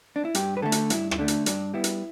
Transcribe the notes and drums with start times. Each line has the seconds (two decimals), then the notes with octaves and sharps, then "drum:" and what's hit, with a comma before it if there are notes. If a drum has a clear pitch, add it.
0.16 D4
0.25 E4
0.35 G2 G4, drum: hi-hat
0.57 B4
0.62 D3 A3 A4
0.72 drum: hi-hat
0.90 G2 E4, drum: hi-hat
1.11 E4, drum: rim click
1.18 D3 A3 D4
1.28 drum: hi-hat
1.46 G2 D4, drum: hi-hat
1.74 G3 B3 E4
1.84 drum: hi-hat